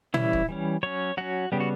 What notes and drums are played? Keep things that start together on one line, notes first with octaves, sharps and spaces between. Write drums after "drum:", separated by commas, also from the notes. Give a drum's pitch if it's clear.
E3 G3 C#4 E4, drum: tom A#2
drum: kick
E3 G3 C#4
F#3 C#4 C#5
F#3 C#4 F#4
C#3 G3 B3 G4
F#4